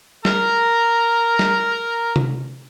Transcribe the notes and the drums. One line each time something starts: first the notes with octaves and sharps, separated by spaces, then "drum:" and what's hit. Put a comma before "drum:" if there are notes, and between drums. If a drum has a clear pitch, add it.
A#4 A#5, drum: snare
drum: snare
drum: tom C3